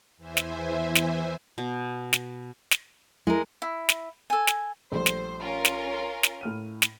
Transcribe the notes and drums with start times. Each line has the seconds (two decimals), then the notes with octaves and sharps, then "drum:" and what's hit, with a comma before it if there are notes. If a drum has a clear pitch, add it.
0.17 E2 E3 C5 E5 G#5
0.37 drum: snare
0.95 drum: snare
1.58 B2
2.13 drum: snare
2.71 drum: snare
3.27 G#3 E4 A#4
3.62 E4
3.89 drum: snare
4.30 A4 G#5
4.47 drum: snare
4.92 A#1 G3 A3 C5
5.06 drum: snare
5.41 C#4 F4 A#4
5.65 drum: snare
6.23 drum: snare
6.41 A2 F6 D#7
6.82 drum: snare